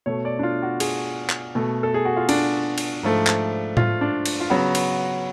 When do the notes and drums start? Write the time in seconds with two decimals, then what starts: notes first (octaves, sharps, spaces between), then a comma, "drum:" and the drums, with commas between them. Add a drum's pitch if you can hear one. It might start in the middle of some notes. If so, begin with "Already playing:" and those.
0.06 B2 A3 C#5
0.25 D5
0.39 D4
0.43 F4
0.63 F#4
0.80 G#4, drum: cymbal
1.30 drum: clap
1.55 B2 A3
1.83 A4
1.94 G#4
2.05 F#4
2.17 F4
2.29 D4, drum: cymbal
2.78 drum: cymbal
3.03 G#2 F3 A3
3.27 drum: clap
3.77 F4, drum: tom A2
4.01 D4
4.26 drum: cymbal
4.40 F4
4.50 C#3 F#3 B3 F#4
4.75 drum: cymbal